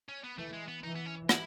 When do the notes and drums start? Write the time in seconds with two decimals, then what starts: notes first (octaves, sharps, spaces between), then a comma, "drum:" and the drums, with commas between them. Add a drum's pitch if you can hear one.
0.09 C#4
0.24 B3
0.38 E3 A3
0.53 G#3
0.68 B3
0.83 E3 D#4
0.95 B3
1.06 C#4
1.29 E4, drum: rim click